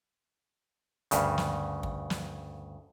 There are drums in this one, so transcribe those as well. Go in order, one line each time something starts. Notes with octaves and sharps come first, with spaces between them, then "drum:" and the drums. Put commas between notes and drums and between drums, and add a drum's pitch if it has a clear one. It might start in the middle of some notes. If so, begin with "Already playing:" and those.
D2 G2 C#3, drum: hi-hat
drum: snare
drum: kick
drum: snare